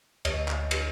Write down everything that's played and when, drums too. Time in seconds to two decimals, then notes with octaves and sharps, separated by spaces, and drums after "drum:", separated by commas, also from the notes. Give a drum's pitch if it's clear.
0.25 D2 C#5 D#5, drum: cymbal
0.48 drum: clap
0.71 drum: cymbal